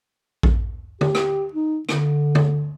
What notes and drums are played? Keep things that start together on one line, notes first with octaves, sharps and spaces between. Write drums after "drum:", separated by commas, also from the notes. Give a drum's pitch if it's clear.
drum: kick A#1
G4, drum: tom D3
drum: rim click
D#4
D3, drum: rim click
drum: tom D3